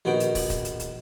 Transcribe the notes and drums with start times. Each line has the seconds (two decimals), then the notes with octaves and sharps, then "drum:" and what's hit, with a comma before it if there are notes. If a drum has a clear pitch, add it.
0.05 A#1 D#3 B3 F#4 G5
0.20 drum: hi-hat
0.35 drum: kick, open hi-hat
0.50 drum: kick, hi-hat
0.65 drum: hi-hat
0.80 drum: hi-hat